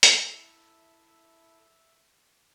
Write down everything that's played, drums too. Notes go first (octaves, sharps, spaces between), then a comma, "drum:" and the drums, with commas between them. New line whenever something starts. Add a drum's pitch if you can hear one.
E4 A4 E5, drum: hi-hat